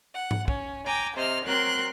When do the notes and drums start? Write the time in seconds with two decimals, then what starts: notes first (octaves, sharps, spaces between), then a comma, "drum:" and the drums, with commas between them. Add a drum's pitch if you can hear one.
0.14 F#5
0.31 drum: tom G#2
0.48 C#4, drum: kick
0.85 G5 G#5 A#5 D6
1.16 C3 C5 D#5 F6
1.45 F#3 C4 A#4 C6 F#6